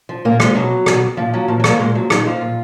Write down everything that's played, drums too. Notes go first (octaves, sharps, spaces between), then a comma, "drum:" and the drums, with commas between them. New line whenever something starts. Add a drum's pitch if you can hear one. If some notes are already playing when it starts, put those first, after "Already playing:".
F3
A#2 A#3
F3 G#3, drum: rim click
B2 F#3
B2, drum: rim click
A#2 F3
F3 F#3
A#2 F3
F#3
F3, drum: rim click
A#3
A#2 G#3
F3 F#3
A#2 D#4, drum: rim click
F3 F4
A#2